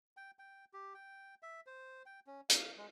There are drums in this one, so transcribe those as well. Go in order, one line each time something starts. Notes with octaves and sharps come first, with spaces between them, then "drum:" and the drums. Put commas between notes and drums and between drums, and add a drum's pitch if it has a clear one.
G5
G5
G4
G5
E5
C5
G5
C#4
F5, drum: hi-hat
G#3